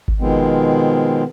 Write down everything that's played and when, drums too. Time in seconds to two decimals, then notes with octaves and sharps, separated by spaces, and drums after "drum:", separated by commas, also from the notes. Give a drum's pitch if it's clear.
0.08 drum: kick G#1
0.20 B2 D#3 F3 G#3 B3 C4